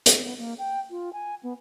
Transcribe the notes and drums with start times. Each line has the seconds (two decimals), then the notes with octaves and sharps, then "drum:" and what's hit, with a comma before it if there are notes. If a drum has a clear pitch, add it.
0.06 drum: hi-hat
0.22 B3
0.38 A#3
0.58 G5
0.90 F4
1.13 G#5
1.43 B3